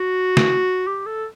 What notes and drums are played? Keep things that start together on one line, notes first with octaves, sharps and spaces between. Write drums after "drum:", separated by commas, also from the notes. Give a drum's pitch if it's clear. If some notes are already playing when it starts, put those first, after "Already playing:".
Already playing: F#4
drum: snare
G4
A4